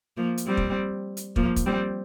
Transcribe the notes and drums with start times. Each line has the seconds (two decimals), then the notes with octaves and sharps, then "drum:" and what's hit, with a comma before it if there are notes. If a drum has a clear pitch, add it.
0.17 F3 A#3
0.37 drum: hi-hat
0.47 G3 C4
0.57 drum: kick
1.17 drum: hi-hat
1.36 F3 A#3, drum: kick
1.56 drum: kick, hi-hat
1.66 G3 C4